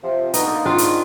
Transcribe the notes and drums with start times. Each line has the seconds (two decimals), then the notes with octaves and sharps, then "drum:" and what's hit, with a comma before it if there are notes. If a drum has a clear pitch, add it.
0.04 C3 F3
0.34 B2 D3 D#4, drum: hi-hat
0.47 D3 A#3
0.65 G#2 D#3 D4 F4
0.78 drum: hi-hat